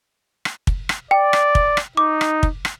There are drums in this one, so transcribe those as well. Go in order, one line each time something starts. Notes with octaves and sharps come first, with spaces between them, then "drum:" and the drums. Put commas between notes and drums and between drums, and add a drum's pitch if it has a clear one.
drum: rim click
drum: kick
drum: rim click
D5 G5
drum: rim click
drum: kick
drum: rim click
D#4 D6
drum: rim click
drum: kick
drum: rim click